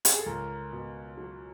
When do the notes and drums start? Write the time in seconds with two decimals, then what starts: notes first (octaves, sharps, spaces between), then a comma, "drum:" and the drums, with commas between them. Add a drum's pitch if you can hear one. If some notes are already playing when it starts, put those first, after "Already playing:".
0.05 G4, drum: hi-hat
0.12 G#4
0.19 A4
0.26 C#2 A#4
0.72 B2
1.18 F#3